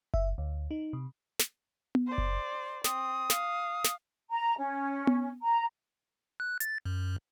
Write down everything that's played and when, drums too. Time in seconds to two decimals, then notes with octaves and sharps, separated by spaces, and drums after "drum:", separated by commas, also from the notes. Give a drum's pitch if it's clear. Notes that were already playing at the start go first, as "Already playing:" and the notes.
0.14 E5, drum: kick F#1
0.38 D2
0.71 D#4
0.93 C3
1.40 drum: snare
1.95 drum: tom B3
2.07 C5 D5
2.18 drum: kick F#1
2.84 C4 D#6, drum: snare
3.30 F5, drum: snare
3.84 drum: snare
4.31 A#5
4.58 C#4
5.07 drum: tom B3
5.43 A#5
6.40 F#6
6.60 A6, drum: hi-hat
6.86 F#2